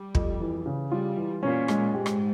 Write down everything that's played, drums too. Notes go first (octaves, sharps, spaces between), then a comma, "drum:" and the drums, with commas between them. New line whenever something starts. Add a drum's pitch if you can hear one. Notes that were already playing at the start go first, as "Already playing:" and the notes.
Already playing: G3
F2, drum: kick
E3
C#3
G3 F4
E3
A#2 C#4
G#3, drum: rim click
G#2 G4
drum: rim click